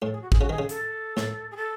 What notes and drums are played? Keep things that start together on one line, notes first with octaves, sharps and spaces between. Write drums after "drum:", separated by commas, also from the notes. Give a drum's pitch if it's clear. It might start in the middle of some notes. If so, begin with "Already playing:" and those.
A2 A4
G#4
F#4
G#4, drum: kick
C#3 F#4
D#3 G#4
C#3
A4, drum: hi-hat
A2, drum: snare
G#4
A4